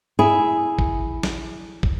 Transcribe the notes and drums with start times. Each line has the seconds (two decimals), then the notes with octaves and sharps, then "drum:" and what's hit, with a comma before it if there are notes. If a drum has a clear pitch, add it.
0.19 E4 G#4
0.79 drum: kick
1.23 drum: snare
1.83 drum: kick